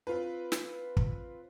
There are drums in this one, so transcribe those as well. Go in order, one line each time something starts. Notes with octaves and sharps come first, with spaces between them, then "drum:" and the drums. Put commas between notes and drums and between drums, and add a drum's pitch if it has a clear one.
C4 F4 B4
drum: snare
drum: kick